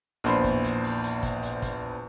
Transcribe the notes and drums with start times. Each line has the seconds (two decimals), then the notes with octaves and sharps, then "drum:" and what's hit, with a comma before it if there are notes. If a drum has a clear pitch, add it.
0.24 A#1 E2 C5 B5 C6, drum: hi-hat
0.44 drum: kick, hi-hat
0.64 drum: hi-hat
0.83 drum: open hi-hat
1.03 drum: hi-hat
1.23 drum: kick, hi-hat
1.43 drum: hi-hat
1.62 drum: kick, hi-hat